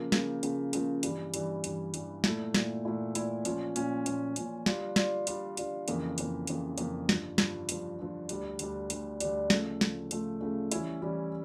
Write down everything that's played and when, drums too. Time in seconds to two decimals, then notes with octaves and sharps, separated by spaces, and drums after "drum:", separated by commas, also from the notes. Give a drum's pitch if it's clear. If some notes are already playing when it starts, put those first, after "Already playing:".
Already playing: C#3 F3 A#3
0.12 C#3 F3 A#3, drum: snare
0.43 C#3 F3 A#3, drum: hi-hat
0.73 C#3 F3 A#3, drum: hi-hat
1.03 G2 E3 G3, drum: hi-hat
1.34 G2 E3 G3, drum: hi-hat
1.64 G2 E3 G3, drum: hi-hat
1.94 G2 E3 G3, drum: hi-hat
2.24 A#2 A3 E4, drum: snare
2.54 A#2 A3 E4, drum: snare
2.85 A#2 A3 E4
3.15 A#2 A3 E4, drum: hi-hat
3.45 A#2 F3 C#4, drum: hi-hat
3.76 A#2 F3 C#4, drum: hi-hat
4.06 A#2 F3 C#4, drum: hi-hat
4.36 A#2 F3 C#4, drum: hi-hat
4.66 D3 G3 D4 F4, drum: snare
4.96 D3 G3 D4 F4, drum: snare
5.27 D3 G3 D4 F4, drum: hi-hat
5.57 D3 G3 D4 F4, drum: hi-hat
5.88 F2 C#3 E3 A#3, drum: hi-hat
6.18 F2 C#3 E3 A#3, drum: hi-hat
6.47 F2 C#3 E3 A#3, drum: hi-hat
6.78 F2 C#3 E3 A#3, drum: hi-hat
7.09 G2 D3 F3, drum: snare
7.38 G2 D3 F3, drum: snare
7.69 G2 D3 F3, drum: hi-hat
7.99 G2 D3 F3
8.29 D2 D3 G3 D4, drum: hi-hat
8.59 D2 D3 G3 D4, drum: hi-hat
8.90 D2 D3 G3 D4, drum: hi-hat
9.20 D2 D3 G3 D4, drum: hi-hat
9.50 C#3 F3 A3, drum: snare
9.81 C#3 F3 A3, drum: snare
10.11 C#3 F3 A3, drum: hi-hat
10.41 C#3 F3 A3
10.71 E3 G3 C#4 E4, drum: hi-hat
11.01 E3 G3 C#4 E4